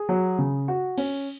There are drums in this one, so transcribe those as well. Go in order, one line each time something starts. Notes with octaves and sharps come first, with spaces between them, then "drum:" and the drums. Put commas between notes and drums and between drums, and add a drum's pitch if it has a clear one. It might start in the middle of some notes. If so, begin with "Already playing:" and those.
Already playing: G#4
F#3
C#3
F#4
C#4, drum: cymbal